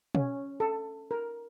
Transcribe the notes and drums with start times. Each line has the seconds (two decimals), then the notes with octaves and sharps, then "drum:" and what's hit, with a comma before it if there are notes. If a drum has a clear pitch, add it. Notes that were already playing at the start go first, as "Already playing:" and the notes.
0.15 C#4, drum: tom B2
0.60 A4
1.11 A#4